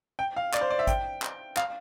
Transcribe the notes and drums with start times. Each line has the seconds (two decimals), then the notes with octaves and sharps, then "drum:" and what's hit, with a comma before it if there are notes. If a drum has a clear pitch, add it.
0.19 G5
0.37 F5
0.54 D5, drum: clap
0.61 C5
0.70 D5
0.79 E5
0.87 G5, drum: kick G#1, hi-hat
1.22 drum: clap
1.57 F5, drum: clap